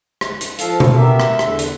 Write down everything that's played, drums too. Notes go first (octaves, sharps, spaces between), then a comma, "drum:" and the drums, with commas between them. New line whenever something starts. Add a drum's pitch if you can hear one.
drum: rim click
drum: hi-hat
F3 A4 F5, drum: hi-hat
drum: tom B2
B3 G4 A#4 E5
drum: rim click
E2 D3, drum: rim click
drum: hi-hat